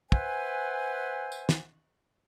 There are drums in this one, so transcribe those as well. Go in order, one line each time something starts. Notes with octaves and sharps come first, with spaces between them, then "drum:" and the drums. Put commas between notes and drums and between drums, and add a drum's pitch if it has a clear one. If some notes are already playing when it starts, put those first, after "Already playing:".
B4 C5 E5 F#5 G#5, drum: kick
drum: tambourine
drum: snare